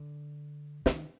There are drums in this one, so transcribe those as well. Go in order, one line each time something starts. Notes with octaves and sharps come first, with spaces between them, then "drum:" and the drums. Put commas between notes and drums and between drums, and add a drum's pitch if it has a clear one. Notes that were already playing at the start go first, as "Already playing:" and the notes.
Already playing: D3
D#3, drum: snare